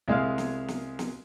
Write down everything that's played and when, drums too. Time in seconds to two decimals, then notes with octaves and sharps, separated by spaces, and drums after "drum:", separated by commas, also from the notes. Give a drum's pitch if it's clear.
0.08 C2 G#3 F5 F6
0.38 drum: snare
0.68 drum: snare
0.99 drum: snare